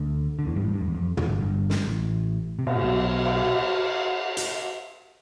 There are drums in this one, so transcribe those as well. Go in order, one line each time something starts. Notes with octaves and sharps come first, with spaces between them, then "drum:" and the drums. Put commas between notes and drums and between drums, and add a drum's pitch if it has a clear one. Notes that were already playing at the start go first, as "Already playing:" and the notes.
Already playing: D2 D3
D3
E2 E3
G2 G3
A1 A2
G2
F2
E2
F2
E2, drum: tom
G1 G2
G1 G2
drum: snare
A1 A2
C3
B2, drum: cymbal
A2
B1 B2
drum: cymbal
drum: hi-hat